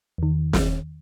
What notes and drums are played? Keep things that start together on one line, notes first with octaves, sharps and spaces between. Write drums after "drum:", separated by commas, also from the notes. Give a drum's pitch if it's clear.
E2 D#3
drum: snare